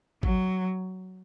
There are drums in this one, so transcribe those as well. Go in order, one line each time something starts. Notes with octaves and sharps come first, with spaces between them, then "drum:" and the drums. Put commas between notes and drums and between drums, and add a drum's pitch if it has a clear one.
F#3, drum: kick G#1